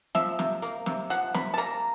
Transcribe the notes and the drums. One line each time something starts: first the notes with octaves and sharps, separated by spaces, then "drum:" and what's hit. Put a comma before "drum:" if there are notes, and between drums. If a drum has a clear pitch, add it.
F3 E5, drum: snare
C3, drum: snare
A#3, drum: hi-hat
C3, drum: snare
F3 F#5, drum: hi-hat
C3 B5, drum: snare
A5
A#3 A#5, drum: hi-hat